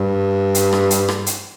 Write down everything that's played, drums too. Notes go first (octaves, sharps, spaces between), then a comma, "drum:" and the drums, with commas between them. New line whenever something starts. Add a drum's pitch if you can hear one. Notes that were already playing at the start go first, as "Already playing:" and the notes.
Already playing: G2
drum: hi-hat
drum: rim click
drum: hi-hat
drum: rim click
drum: hi-hat